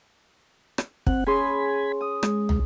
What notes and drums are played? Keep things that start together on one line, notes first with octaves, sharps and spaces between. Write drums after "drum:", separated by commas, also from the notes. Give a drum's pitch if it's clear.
drum: rim click
C4 F#5, drum: kick
C#4 G#4 G#5 B5 C6
D#6
G#3, drum: rim click
drum: tom